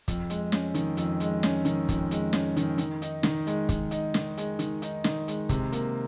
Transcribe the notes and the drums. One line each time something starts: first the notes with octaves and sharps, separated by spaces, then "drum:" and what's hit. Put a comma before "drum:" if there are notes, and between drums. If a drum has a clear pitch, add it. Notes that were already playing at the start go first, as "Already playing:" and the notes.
F2, drum: kick, hi-hat
G#3, drum: hi-hat
C#4, drum: snare
D#3, drum: hi-hat
F2, drum: hi-hat
G#3, drum: hi-hat
C#4, drum: snare
D#3, drum: hi-hat
F2, drum: kick, hi-hat
G#3, drum: hi-hat
C#4, drum: snare
D#3, drum: hi-hat
D#3, drum: hi-hat
D#4, drum: hi-hat
D#3, drum: snare
G#3, drum: hi-hat
D#3, drum: kick, hi-hat
D#4, drum: hi-hat
D#3, drum: snare
G#3, drum: hi-hat
D#3, drum: hi-hat
D#4, drum: hi-hat
D#3, drum: snare
G#3, drum: hi-hat
C3, drum: kick, hi-hat
A#3, drum: hi-hat